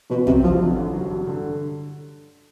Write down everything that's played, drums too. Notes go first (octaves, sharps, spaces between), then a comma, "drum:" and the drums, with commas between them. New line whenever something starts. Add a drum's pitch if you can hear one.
A1 B2
C3 F#3, drum: kick
G2 F3
D3
A1
F#3
G2
D3